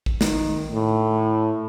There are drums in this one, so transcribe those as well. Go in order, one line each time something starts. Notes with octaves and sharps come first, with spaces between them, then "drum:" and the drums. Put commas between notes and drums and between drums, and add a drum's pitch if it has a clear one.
drum: kick A#1
D#3, drum: snare
A2